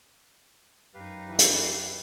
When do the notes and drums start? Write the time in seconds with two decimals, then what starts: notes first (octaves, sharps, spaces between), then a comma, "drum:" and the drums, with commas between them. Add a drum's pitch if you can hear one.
0.94 F#2 D#4 G4 B4 F5
1.29 E3
1.39 drum: hi-hat